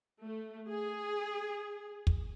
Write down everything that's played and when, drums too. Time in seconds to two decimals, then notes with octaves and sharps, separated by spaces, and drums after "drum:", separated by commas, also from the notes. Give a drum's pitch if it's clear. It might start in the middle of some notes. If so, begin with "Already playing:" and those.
0.21 A3
0.70 G#4
2.07 drum: kick